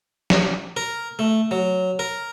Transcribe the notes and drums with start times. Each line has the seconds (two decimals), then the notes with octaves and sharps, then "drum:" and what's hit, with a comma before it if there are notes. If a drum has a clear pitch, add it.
0.30 drum: snare
0.77 A#4
1.19 A3
1.51 F#3
1.99 A#4